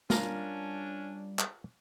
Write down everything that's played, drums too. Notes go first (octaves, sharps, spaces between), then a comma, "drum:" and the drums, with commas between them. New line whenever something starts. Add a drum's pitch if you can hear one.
G3 C#4 D4 F4 A#4, drum: snare
drum: clap